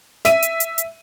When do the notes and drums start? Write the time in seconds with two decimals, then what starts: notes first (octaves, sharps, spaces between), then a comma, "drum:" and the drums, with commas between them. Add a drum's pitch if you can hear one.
0.25 E5 D#7, drum: snare
0.42 drum: hi-hat
0.60 drum: hi-hat
0.78 drum: hi-hat